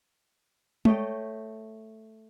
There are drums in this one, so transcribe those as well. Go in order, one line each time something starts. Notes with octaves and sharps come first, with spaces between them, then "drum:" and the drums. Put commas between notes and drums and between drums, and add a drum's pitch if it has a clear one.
A3 C#5 D#5 G5, drum: tom G#3